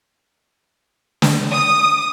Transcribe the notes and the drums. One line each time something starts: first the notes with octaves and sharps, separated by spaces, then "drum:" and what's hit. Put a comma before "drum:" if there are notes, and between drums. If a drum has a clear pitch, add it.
drum: snare
D#6